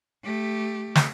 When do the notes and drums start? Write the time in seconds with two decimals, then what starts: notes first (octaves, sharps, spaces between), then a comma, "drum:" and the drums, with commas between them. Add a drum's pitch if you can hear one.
0.23 A3 G4
0.95 drum: snare